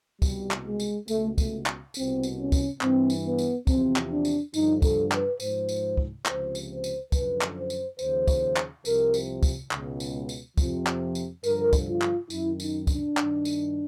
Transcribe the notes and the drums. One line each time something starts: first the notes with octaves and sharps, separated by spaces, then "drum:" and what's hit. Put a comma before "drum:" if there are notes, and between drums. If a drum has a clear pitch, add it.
C2 B2 G3, drum: kick, tambourine
drum: clap
G#3
drum: tambourine
C#2 B2 A3, drum: tambourine
A3, drum: kick, tambourine
drum: clap
C2 B2 C4, drum: tambourine
drum: tambourine
C#4
drum: kick, tambourine
G2 E3 C4, drum: clap
drum: tambourine
B3
drum: tambourine
E2 C3 F3 C4, drum: kick, tambourine
drum: clap
D4
drum: tambourine
G2 D3 F3 D#4, drum: tambourine
A4, drum: kick, tambourine
B4, drum: clap
G#2 F3 C5, drum: tambourine
drum: tambourine
drum: kick
C#2 C3 F3 C5, drum: clap
drum: tambourine
C5
drum: tambourine
F#2 D3 F3 B4, drum: kick, tambourine
drum: clap
C5
drum: tambourine
D#2 C#3 F3 C5, drum: tambourine
drum: kick, tambourine
drum: clap
C2 C3 F3 A#4, drum: tambourine
drum: tambourine
drum: kick, tambourine
C#2, drum: clap
B2
drum: tambourine
drum: tambourine
F2 C3 F3, drum: kick, tambourine
drum: clap
drum: tambourine
G2 D3 F3 A#4, drum: tambourine
drum: kick, tambourine
F4
drum: clap
F#2 D#3 E4, drum: tambourine
D#4, drum: tambourine
D4, drum: kick, tambourine
G2 D#3, drum: clap
drum: tambourine